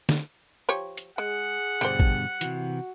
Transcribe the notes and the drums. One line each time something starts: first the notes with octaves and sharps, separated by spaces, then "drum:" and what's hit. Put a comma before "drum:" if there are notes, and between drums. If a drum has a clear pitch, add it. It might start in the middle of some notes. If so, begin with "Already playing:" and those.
drum: snare D3
F3 G4 C#5
drum: hi-hat
G#3 G#4 F#5
G2 B2 D3 G3 G4 C5
drum: kick
C3 E3 F#4, drum: hi-hat